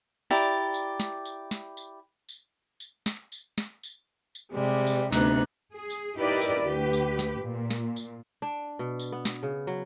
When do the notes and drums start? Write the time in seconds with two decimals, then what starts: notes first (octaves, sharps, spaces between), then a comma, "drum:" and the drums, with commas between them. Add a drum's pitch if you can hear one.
0.30 E4 G4 D5 A#5
0.74 drum: tambourine
1.00 drum: snare
1.25 drum: tambourine
1.51 drum: snare
1.77 drum: tambourine
2.29 drum: tambourine
2.80 drum: tambourine
3.06 drum: snare
3.32 drum: tambourine
3.58 drum: snare
3.83 drum: tambourine
4.35 drum: tambourine
4.52 C3 G3 G#3
4.87 drum: tambourine
5.12 D2 C3 B3 D#4 F#6, drum: snare
5.72 G#4
5.90 drum: tambourine
6.16 D#4 E4 G4 A#4 B4 D5
6.41 drum: tambourine
6.63 D2 G4 B4
6.93 drum: tambourine
7.19 drum: snare
7.42 A#2
7.71 drum: snare
7.96 drum: tambourine
8.42 D4
8.79 B2
9.00 drum: tambourine
9.12 B3
9.25 drum: snare
9.43 C#3
9.67 F#3